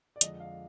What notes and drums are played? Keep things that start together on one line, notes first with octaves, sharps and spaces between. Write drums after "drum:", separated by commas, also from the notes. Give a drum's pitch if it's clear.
D5
F2 D3 G#3 D4 D#5, drum: hi-hat
F5